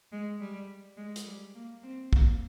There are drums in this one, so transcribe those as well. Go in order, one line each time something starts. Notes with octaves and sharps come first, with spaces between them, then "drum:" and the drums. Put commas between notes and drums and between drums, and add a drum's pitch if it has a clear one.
G#3
G3
G#3
drum: hi-hat
G3
A#3
C4
A#3, drum: kick